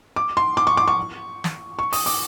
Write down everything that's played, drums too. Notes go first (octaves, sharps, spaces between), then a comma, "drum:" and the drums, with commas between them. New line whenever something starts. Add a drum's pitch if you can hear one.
D6
C6
D6
C#6
D6
C#6
drum: snare
C#6
D#6, drum: open hi-hat
D6, drum: open hi-hat